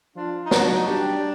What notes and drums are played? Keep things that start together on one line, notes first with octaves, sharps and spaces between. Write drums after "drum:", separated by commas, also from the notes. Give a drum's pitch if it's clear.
F3 D4 F4
D#4
F#3 F#4, drum: snare
D4
D#4
G3 D4 G4